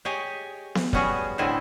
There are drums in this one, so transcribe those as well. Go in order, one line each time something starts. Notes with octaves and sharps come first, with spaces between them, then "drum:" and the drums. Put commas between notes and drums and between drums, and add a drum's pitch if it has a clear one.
G4 G#4 C#5 D#5 G#5
drum: snare B3
G3 B3 C#4 F#4 G#4, drum: kick
A2 D3 C4 E4 D#5 G#5